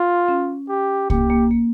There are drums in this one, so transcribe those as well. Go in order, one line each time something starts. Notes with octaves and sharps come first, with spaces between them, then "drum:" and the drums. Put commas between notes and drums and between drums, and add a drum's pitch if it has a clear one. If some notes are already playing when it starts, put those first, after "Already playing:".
Already playing: F4
C#4
G4
A#3 G4, drum: kick C2
A#3
A#3